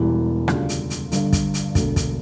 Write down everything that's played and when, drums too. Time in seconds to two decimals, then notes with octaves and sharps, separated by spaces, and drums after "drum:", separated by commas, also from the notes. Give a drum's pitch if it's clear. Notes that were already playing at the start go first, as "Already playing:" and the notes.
Already playing: E1 E2 E3 G3
0.48 D2 C#3 G3 D4 F4, drum: rim click
0.69 drum: hi-hat
0.90 drum: hi-hat
1.12 G1 G2 D3, drum: hi-hat
1.33 drum: kick, hi-hat
1.54 drum: hi-hat
1.75 E1 D2 D3, drum: kick, hi-hat
1.96 drum: kick, hi-hat